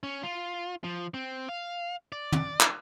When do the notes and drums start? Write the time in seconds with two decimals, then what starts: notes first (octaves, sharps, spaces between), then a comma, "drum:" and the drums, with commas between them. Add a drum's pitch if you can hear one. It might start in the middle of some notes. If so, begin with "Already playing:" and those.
0.03 C#4
0.23 F4
0.84 F3
1.14 C4
1.49 F5
2.12 D5
2.32 drum: tom
2.60 drum: clap